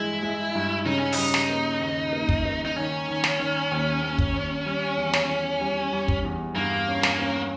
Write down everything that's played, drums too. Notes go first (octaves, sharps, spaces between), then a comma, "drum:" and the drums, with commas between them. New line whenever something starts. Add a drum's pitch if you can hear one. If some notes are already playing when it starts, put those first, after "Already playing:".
Already playing: G2 E3 G#3 E4
G#3
G2
C#3 D#4
C#4
D#4, drum: open hi-hat
G3
drum: snare
A#3
D#2
A#3
drum: kick
A#3
D#4
D#3 C#4
D#3
drum: snare
D#3
D#2
D#2
drum: kick
D#2
G3
E2
drum: snare
E2
G3
G3
drum: kick
E2
G2 A#3
C#4
drum: snare
C#4